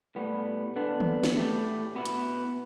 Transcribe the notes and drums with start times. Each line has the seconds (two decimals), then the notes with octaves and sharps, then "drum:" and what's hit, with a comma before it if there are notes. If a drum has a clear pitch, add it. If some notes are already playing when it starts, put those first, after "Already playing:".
0.16 A2 G3 B3
0.76 D3 B3 D4
1.00 drum: tom D#3
1.23 drum: snare
1.35 A2 A3 G4
1.95 B2 B3 E4
2.05 drum: hi-hat